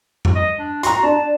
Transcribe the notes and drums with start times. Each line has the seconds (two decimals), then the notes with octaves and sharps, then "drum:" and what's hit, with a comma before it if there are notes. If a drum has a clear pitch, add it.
0.25 drum: tom F2
0.35 D#5
0.59 D4
0.83 F#4 A#5 C6, drum: hi-hat
1.03 D4 A5